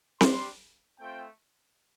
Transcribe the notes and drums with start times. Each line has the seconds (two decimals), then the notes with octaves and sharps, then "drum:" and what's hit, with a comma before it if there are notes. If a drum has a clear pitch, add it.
0.21 G3 D4 G4 C6, drum: snare C4
0.98 A3 C4 F4 G5